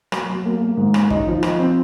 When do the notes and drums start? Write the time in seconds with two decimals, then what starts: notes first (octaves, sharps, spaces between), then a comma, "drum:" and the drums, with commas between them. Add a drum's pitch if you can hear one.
0.12 F#3, drum: rim click
0.29 F#3
0.46 A#3
0.61 A#3
0.77 G#2
0.94 C#4, drum: rim click
1.10 D#4, drum: kick
1.27 F3
1.43 F3, drum: rim click
1.59 C4